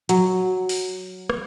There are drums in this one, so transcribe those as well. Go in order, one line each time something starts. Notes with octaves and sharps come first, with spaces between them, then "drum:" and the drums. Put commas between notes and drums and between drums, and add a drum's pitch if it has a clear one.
F#3, drum: hi-hat
drum: open hi-hat
drum: rim click